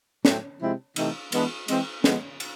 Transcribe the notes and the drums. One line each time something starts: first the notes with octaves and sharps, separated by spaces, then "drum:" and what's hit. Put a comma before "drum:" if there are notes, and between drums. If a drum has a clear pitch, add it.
A2 F#3 A3 C4, drum: snare
C3 F3 G#3 C4 E4
C3 E3 A3 C4 D#4, drum: cymbal
E3 G#3 B3 D4, drum: cymbal
E3 G#3 C4, drum: cymbal
D3 F3 G#3 B3, drum: snare
drum: cymbal